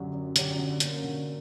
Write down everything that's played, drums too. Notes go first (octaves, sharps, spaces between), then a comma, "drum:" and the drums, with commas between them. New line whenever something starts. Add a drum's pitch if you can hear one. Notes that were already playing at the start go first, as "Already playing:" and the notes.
Already playing: F#2 D3 F#3 C#4 G4
F#2
D3 F#3 C#4 G4, drum: hi-hat
D3
A#3 C#4, drum: hi-hat
D3